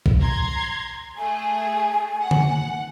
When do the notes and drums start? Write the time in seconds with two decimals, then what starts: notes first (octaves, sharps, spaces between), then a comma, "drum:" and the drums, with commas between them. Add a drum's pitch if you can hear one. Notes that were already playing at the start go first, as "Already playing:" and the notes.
0.06 drum: kick A#1
0.20 A#5 C6 G#6
1.17 A3 G#4 G#5
2.21 F#5
2.31 drum: tom D3